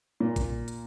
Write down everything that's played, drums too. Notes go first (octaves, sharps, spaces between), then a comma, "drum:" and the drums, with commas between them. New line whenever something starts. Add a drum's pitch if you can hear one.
A#2
drum: kick A1, hi-hat
drum: hi-hat